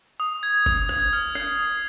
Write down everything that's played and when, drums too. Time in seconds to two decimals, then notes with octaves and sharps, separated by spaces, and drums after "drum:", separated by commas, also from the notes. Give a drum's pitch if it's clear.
0.20 D#6, drum: tambourine
0.43 G#6, drum: tambourine
0.66 D#6, drum: kick F#1, tambourine
0.89 G#6, drum: rim click
1.13 F6, drum: tambourine
1.35 C7, drum: rim click
1.59 D#6, drum: tambourine